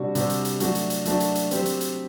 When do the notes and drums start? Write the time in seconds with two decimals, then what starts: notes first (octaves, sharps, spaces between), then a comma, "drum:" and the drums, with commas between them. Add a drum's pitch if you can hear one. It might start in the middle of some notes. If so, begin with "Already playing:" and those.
Already playing: C3 G3 D4 F#4
0.15 C3 G3 D4 F#4, drum: hi-hat
0.30 drum: hi-hat
0.45 drum: hi-hat
0.60 F#3 A3 D4 F#4, drum: hi-hat
0.75 drum: hi-hat
0.90 drum: hi-hat
1.05 F#3 A3 D4 F#4, drum: hi-hat
1.20 drum: hi-hat
1.35 drum: hi-hat
1.51 F#3 C4 G4, drum: hi-hat
1.66 drum: hi-hat
1.81 drum: hi-hat